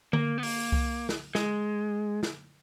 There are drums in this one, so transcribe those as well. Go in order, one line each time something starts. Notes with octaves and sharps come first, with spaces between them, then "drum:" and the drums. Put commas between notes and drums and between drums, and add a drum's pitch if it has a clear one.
A#3, drum: tom D3
B3
A#3, drum: open hi-hat
drum: kick C2
drum: snare
G#3, drum: snare
drum: snare